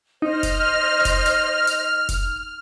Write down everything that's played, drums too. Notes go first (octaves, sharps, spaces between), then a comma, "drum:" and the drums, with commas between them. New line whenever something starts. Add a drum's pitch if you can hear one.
D#4 C5 D#5 F6
drum: kick F1, hi-hat
drum: kick F1, hi-hat
drum: hi-hat
drum: hi-hat
drum: kick F1, hi-hat